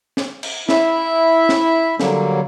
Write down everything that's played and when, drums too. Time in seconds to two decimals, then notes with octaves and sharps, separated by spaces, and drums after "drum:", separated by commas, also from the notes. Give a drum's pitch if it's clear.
0.17 drum: snare
0.43 drum: cymbal
0.69 E4 E5, drum: snare
1.49 drum: snare
2.00 D3 F#3 G3 A#3, drum: snare